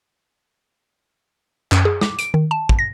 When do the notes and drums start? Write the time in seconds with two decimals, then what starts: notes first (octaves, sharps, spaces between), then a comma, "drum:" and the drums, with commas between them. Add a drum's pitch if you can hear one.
1.72 F#2, drum: clap
1.85 G#4
2.01 D6, drum: snare
2.19 D7, drum: hi-hat
2.34 D#3
2.51 A5
2.69 drum: kick
2.79 A#6